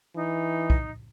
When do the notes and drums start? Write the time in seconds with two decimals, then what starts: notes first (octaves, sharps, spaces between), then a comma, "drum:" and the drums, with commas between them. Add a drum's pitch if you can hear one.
0.15 E3 D#4
0.70 drum: kick